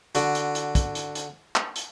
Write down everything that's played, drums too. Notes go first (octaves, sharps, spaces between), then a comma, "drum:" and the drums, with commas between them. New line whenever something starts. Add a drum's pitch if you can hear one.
D3 F#4, drum: hi-hat
drum: hi-hat
drum: hi-hat
drum: kick, hi-hat
drum: hi-hat
drum: hi-hat
drum: clap
drum: hi-hat